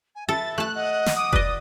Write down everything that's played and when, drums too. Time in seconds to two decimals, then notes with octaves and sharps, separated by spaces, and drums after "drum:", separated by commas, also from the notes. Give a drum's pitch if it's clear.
0.15 G#5
0.29 A4 B4 E5 A6
0.58 A3 A5 F#6
0.74 D#5 F#5
1.06 drum: snare
1.16 D6 D#6
1.33 B4 D5 D#5, drum: kick F1